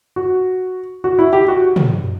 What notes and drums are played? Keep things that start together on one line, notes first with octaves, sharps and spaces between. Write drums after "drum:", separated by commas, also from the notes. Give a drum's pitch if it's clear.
F#4
F#4
E4
G4
F#4
drum: tom